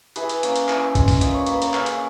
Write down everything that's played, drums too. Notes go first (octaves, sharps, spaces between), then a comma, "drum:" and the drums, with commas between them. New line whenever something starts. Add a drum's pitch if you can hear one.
E3 G#4 B4, drum: hi-hat
drum: hi-hat
A#3 C#4, drum: hi-hat
drum: hi-hat
E3, drum: clap
G#3 C#4, drum: kick, hi-hat
drum: kick, open hi-hat
A#2 D#5, drum: hi-hat
C#5
A#3 C#4 B4, drum: hi-hat
A#4 C#5, drum: hi-hat
C#3, drum: clap
drum: hi-hat